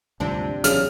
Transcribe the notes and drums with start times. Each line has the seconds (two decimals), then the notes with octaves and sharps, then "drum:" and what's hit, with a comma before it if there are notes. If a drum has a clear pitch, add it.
0.20 D2 G2 C3 F3 D4
0.64 E2 C#3 F#3 F6, drum: hi-hat